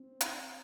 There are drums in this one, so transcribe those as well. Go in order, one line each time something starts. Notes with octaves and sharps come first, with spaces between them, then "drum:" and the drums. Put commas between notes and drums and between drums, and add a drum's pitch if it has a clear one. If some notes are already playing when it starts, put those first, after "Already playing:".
Already playing: C4
drum: hi-hat